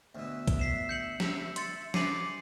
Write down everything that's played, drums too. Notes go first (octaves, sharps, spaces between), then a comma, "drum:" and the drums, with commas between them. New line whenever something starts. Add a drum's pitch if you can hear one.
D2 B2 E5
drum: kick B1, hi-hat
B6 C7 E7
G6 C#7 F#7
drum: snare
C6 A6 C#7, drum: hi-hat
G#4 D6 C7 D#7 F#7, drum: snare